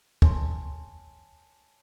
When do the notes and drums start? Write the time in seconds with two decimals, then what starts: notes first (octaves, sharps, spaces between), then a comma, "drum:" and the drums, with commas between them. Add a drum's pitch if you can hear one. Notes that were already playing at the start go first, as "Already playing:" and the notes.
0.22 C#5 G#5 A5 C6, drum: kick